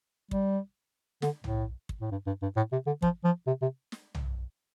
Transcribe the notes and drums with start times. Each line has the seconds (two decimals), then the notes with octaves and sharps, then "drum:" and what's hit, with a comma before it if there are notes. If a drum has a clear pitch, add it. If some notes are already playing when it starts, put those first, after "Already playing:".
0.31 G3, drum: kick
1.22 D3, drum: snare
1.44 A2, drum: tom B1
1.89 drum: kick
2.01 A2
2.12 G2
2.27 G2
2.42 G2
2.57 A2
2.72 C3
2.86 D3
3.02 F3, drum: kick
3.24 F3
3.47 C3
3.62 C3
3.92 drum: snare
4.15 drum: tom B1